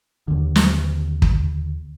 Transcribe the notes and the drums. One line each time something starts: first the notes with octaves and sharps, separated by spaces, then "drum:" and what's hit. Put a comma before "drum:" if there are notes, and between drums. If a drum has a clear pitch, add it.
D#2 D3
drum: snare
drum: kick